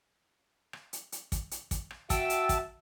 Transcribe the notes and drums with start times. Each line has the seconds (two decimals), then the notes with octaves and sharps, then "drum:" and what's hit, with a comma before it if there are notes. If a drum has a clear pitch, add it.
0.73 drum: rim click
0.93 drum: hi-hat
1.12 drum: hi-hat
1.32 drum: kick, hi-hat
1.51 drum: hi-hat
1.71 drum: kick, hi-hat
1.91 drum: rim click
2.10 F#4 E5 G5 A5 E6, drum: kick, hi-hat
2.30 drum: hi-hat
2.49 drum: kick, hi-hat